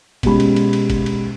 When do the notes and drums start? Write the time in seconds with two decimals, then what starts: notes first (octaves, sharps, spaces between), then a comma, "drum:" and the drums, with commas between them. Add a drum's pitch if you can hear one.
0.23 B2 G#3 C#4 G4 B5, drum: kick, cymbal
0.40 drum: cymbal
0.56 drum: cymbal
0.73 drum: cymbal
0.90 drum: kick, cymbal
1.06 drum: cymbal